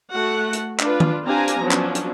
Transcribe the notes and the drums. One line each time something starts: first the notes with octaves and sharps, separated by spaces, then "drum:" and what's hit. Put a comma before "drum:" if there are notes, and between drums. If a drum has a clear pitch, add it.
A3 F#4 F#5
drum: hi-hat
D4 F4 B4, drum: clap
drum: tom D#3
C4 D4 G4 F5 G#5 A#5
drum: hi-hat
F3 F#3 B3 C#4 D4
drum: clap
drum: hi-hat